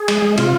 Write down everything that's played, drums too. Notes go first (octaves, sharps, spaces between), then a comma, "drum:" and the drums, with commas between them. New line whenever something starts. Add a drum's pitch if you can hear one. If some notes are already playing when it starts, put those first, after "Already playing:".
Already playing: G#4
G#3, drum: cymbal
G#3
C3 F4, drum: cymbal